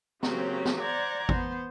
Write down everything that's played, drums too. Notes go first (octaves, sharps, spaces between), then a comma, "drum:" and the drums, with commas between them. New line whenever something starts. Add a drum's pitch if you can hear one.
C#3 F#3 A#3 C4 G4 C5, drum: snare
drum: snare
C5 D5 F#5 A#5 D6 G#6
B3 C5, drum: kick G#1